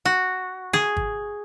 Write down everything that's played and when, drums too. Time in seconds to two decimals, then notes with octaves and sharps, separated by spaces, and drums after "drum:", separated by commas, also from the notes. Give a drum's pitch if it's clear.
0.05 F#4
0.73 G#4, drum: snare
0.97 drum: kick